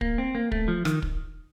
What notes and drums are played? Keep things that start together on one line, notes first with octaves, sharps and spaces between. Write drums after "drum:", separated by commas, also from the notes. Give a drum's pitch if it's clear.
A#3, drum: kick
C4
A#3
A3, drum: kick
F3
D#3, drum: rim click
drum: kick